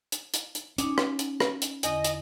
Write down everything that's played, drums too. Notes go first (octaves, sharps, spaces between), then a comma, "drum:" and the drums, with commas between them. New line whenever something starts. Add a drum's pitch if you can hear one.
drum: hi-hat
drum: hi-hat
drum: hi-hat
C#4 D#4 D6, drum: hi-hat
drum: rim click
drum: hi-hat
drum: rim click
drum: hi-hat
E2 D3 D#5, drum: hi-hat
drum: hi-hat